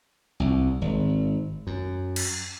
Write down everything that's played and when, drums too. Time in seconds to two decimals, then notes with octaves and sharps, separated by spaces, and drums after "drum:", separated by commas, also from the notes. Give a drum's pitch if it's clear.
0.40 C2
0.81 G#1
1.67 F#2
2.16 drum: cymbal